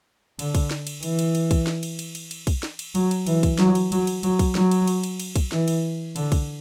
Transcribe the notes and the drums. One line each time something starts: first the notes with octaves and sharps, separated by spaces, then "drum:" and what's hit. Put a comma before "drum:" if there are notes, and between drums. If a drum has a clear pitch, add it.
D3, drum: cymbal
drum: kick, cymbal
drum: snare
drum: cymbal
E3, drum: cymbal
drum: cymbal
drum: cymbal
drum: kick, cymbal
drum: snare
drum: cymbal
drum: cymbal
drum: cymbal
drum: cymbal
drum: kick, cymbal
drum: snare
drum: cymbal
F#3, drum: cymbal
drum: cymbal
E3, drum: cymbal
drum: kick, cymbal
F#3, drum: snare
drum: cymbal
F#3, drum: cymbal
drum: cymbal
F#3, drum: cymbal
drum: kick, cymbal
F#3, drum: snare
drum: cymbal
drum: cymbal
drum: cymbal
drum: cymbal
drum: kick, cymbal
E3, drum: snare
drum: cymbal
D3, drum: cymbal
drum: kick, cymbal